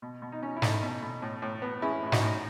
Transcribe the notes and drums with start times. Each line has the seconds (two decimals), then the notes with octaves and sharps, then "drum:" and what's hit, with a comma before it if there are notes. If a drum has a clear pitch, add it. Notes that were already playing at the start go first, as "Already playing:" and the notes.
0.02 B2
0.22 B2
0.32 D#4
0.43 C#4
0.57 E4
0.62 A3 D#4, drum: snare
0.82 B2
1.02 B2
1.22 A2
1.42 A2
1.62 B3
1.82 G#3 C#4 E4
2.03 A2 E4
2.12 D#4 F#4, drum: snare
2.22 A2